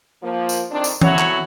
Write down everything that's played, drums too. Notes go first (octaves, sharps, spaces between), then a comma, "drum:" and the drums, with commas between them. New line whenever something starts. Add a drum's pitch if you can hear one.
F3 A#3
drum: tambourine
F2 D#3 C4 D4
drum: tambourine
D2 F#3 B3 E4 F#4 C#5, drum: tom E3
drum: clap